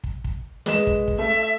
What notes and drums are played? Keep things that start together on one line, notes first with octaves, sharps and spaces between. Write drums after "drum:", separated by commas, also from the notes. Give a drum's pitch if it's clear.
drum: kick
drum: kick
G#3 B4 E7, drum: snare
drum: kick
drum: kick
A3 E5